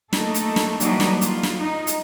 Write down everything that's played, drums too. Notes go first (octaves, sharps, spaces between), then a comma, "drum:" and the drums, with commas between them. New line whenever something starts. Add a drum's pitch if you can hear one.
A3 A#3 D#4 A4, drum: snare
drum: hi-hat
drum: snare
E3 F#3 G3 A#3 D4 D#4, drum: hi-hat
drum: snare
F4, drum: hi-hat
drum: snare
D#4
drum: hi-hat